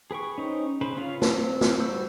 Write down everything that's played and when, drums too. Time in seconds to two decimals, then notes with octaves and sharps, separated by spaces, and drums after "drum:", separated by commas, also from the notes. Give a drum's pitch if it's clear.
0.11 G#4 B4 G5 C#6
0.38 C#4 D#4 C5
0.81 C#3 B4 C5
0.97 C#4 F4 B4 F5
1.22 C4, drum: snare
1.61 drum: snare
1.80 G3 F#4 C5 E6 G6